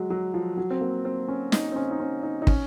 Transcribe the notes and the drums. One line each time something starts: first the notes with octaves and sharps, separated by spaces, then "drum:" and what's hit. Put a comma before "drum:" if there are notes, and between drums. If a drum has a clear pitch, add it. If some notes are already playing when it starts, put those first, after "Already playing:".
Already playing: F#3 G#3
F#3
F3
F#3
C4
A#3
C4
C#4
D#4, drum: snare
C4
C#4
D#4
C#4
D#4
D#4
C#4, drum: kick